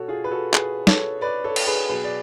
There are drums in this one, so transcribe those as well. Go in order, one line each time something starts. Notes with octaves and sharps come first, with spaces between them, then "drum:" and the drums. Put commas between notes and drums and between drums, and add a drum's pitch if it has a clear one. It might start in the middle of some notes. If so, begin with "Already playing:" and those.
Already playing: B2 F#4 A4 C#5
F4 G#4
B4
F#4 A4
G#4 B4, drum: clap
A4 C#5, drum: snare
B4 D5
A4 C#5
drum: cymbal
G#4 B4
B2 F#3 G#4 B4
D5